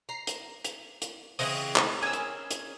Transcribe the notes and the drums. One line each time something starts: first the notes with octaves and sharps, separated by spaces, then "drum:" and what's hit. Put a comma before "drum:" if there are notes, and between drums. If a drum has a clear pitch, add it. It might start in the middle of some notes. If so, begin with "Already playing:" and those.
A#5 C7
drum: hi-hat
drum: hi-hat
drum: hi-hat
C#3 E3 C4 D#5, drum: open hi-hat
drum: clap
C#4 G#4 A#4 G#5 E6
drum: hi-hat
drum: hi-hat